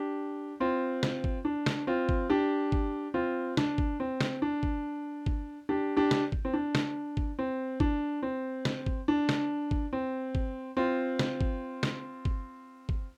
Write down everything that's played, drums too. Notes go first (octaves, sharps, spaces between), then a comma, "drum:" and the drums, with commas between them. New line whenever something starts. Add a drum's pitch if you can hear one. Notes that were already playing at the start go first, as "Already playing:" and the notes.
Already playing: D4 G4
C4 F4
drum: snare
drum: kick
D4
drum: snare
C4 F4
drum: kick
D4 G4
drum: kick
C4 F4
D4, drum: snare
drum: kick
C4
drum: snare
D4
drum: kick
drum: kick
D4 G4
D4 G4
drum: snare
drum: kick
C4
D4
drum: snare
drum: kick
C4
D4, drum: kick
C4
drum: snare
drum: kick
D4
drum: snare
drum: kick
C4
drum: kick
C4 F4
drum: snare
drum: kick
drum: snare
drum: kick
drum: kick